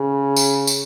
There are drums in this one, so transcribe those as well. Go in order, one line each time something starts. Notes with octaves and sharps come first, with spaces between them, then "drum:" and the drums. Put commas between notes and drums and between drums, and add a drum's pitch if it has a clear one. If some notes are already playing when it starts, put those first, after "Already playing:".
Already playing: C#3
drum: tambourine
drum: tambourine